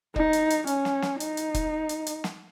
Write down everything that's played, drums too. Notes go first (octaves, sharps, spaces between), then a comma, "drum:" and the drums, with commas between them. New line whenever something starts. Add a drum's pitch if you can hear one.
D#4, drum: kick
drum: hi-hat
drum: hi-hat
C#4, drum: hi-hat
drum: snare
drum: snare
D#4, drum: hi-hat
drum: hi-hat
drum: kick, hi-hat
drum: hi-hat
drum: hi-hat
drum: snare